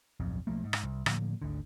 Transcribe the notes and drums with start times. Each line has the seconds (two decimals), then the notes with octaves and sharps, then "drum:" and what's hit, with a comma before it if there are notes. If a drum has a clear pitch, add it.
0.20 D1 B1 F2
0.47 B1 F3 A3 A#3
0.64 G#2
0.73 drum: rim click
0.83 C2
1.06 A2 D3 F3 A#3, drum: rim click
1.42 G#1 D2 D3